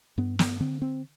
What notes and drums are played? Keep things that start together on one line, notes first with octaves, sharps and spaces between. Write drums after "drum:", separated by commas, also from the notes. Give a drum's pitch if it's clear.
G2 B3
B3, drum: snare
D3 C4
C4